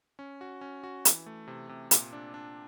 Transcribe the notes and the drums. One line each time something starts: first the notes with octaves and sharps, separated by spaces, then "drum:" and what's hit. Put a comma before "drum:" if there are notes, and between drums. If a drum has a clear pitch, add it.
C#4
F#4
C#4
F#4
E3, drum: hi-hat
A3
C3
C3
A#2, drum: hi-hat
D4
D4